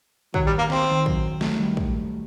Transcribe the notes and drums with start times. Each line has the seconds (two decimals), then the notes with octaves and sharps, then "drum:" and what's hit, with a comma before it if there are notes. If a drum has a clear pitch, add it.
0.34 D#3 F#3, drum: kick
0.46 G3
0.58 A#3
0.70 C4, drum: snare
0.92 D#3
1.06 F#3, drum: kick
1.41 F#3 A3, drum: snare
1.59 D#3 G3
1.77 drum: kick